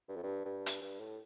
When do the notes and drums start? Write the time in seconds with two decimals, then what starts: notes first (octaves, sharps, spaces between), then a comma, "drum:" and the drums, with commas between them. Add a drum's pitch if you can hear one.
0.09 G2
0.16 F2
0.23 G2
0.45 G2
0.66 drum: hi-hat
0.82 G2
0.99 A2